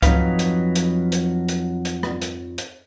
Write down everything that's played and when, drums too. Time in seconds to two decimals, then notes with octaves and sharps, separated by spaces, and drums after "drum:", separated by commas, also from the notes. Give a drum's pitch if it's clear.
0.02 F2 F#3 D#4 B4 F5, drum: kick C#2, hi-hat
0.39 drum: hi-hat
0.75 drum: hi-hat
1.12 drum: hi-hat
1.49 drum: hi-hat
1.85 drum: hi-hat
2.03 drum: rim click
2.22 drum: hi-hat
2.58 drum: hi-hat